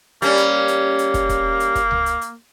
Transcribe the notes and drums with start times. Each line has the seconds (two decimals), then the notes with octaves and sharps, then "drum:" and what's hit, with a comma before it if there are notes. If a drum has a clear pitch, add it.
0.22 G3 A#3 C#4, drum: hi-hat
0.37 drum: hi-hat
0.68 drum: hi-hat
0.99 drum: hi-hat
1.14 drum: kick, hi-hat
1.29 drum: kick, hi-hat
1.60 drum: hi-hat
1.75 drum: kick, hi-hat
1.91 drum: tom C#2
2.06 drum: hi-hat
2.21 drum: hi-hat